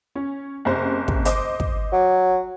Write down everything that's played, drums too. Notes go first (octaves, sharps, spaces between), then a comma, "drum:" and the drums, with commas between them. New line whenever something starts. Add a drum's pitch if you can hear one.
C#4
F#1 C3 C5
drum: kick
C5 D#5 D6, drum: hi-hat
drum: kick
F#3